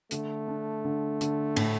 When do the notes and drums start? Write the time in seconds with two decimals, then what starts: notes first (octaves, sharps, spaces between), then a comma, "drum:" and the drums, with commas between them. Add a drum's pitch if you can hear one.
0.11 D3 A3, drum: hi-hat
0.47 D4
0.85 D3
1.21 D3, drum: hi-hat
1.56 A2, drum: cymbal